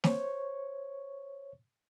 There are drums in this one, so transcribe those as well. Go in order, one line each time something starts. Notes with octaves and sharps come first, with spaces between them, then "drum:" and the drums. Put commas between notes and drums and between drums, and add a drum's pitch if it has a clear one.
C5 C#5 C#6, drum: snare